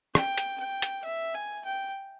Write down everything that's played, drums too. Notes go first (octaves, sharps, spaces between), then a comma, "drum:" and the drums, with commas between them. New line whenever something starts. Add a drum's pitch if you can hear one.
G5, drum: rim click
drum: hi-hat
G5
drum: hi-hat
E5
G#5
G5